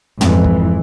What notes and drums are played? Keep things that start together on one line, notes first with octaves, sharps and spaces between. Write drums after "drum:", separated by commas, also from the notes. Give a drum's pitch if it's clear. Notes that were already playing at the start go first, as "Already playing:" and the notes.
F2 G#2 E3, drum: tom
drum: kick